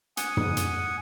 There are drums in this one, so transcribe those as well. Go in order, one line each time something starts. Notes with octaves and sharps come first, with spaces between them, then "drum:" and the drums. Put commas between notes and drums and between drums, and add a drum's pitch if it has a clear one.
F#5 G#5 D#6, drum: hi-hat
drum: tom
drum: hi-hat